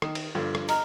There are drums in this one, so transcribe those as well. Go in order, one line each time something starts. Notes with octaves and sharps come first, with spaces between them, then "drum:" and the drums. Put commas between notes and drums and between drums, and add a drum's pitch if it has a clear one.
D#3, drum: rim click
drum: cymbal
G2 D3 F3
drum: rim click
D#5 A#5 F6, drum: cymbal